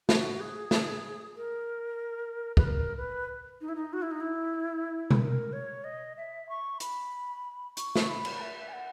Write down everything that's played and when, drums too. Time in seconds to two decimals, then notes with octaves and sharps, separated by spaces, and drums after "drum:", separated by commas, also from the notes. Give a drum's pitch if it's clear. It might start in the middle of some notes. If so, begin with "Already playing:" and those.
0.09 F#4, drum: snare
0.40 G#4
0.71 drum: snare
1.37 A#4
2.57 B4, drum: kick
2.64 A#4
2.97 B4
3.61 D#4
3.69 E4
3.75 D#4
3.93 F#4
4.02 E4
4.11 D#4
4.20 E4
5.11 drum: tom B2
5.21 A#4
5.53 C#5
5.84 D#5
6.17 E5
6.49 C#6
6.80 B5, drum: hi-hat
7.77 C#6, drum: hi-hat
7.96 drum: snare
8.09 B5
8.25 drum: cymbal
8.41 E5
8.68 G#5
8.73 F#5